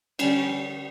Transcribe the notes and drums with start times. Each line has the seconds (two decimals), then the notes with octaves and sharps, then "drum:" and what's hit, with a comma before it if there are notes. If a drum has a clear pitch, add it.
0.19 D3 G3 C#4, drum: cymbal